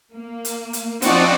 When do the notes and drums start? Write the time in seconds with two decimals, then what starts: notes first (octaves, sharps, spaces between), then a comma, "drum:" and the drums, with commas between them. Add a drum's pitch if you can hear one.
0.12 A#3
0.45 drum: hi-hat
0.73 drum: hi-hat
1.02 F3 C4 D4 D#4 F#4 D5, drum: hi-hat